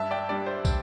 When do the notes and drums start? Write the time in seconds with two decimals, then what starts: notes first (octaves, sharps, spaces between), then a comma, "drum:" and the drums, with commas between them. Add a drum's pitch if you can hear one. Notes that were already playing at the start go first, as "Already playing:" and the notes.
Already playing: G2 E5 A5
0.11 D5 G5
0.29 G3 D4 D5
0.46 C5
0.65 drum: kick, tambourine